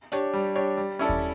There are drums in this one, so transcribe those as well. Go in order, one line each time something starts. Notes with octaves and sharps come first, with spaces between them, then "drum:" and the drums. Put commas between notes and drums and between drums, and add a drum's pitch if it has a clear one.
D4 G4 C#5, drum: hi-hat
G3
D4 G4 C#5
G3
C#4 E4 A4 D5
drum: kick D#2